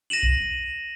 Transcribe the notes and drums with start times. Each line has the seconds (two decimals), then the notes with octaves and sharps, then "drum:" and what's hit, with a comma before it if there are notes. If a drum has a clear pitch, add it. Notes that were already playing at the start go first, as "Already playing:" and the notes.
0.10 A#6 D#7 E7 F#7
0.23 drum: kick B1